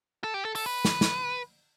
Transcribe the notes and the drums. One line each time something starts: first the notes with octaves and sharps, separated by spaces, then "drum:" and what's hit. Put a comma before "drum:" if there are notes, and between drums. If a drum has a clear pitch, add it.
A4
G4
A4
A4, drum: open hi-hat
B4
drum: snare
drum: snare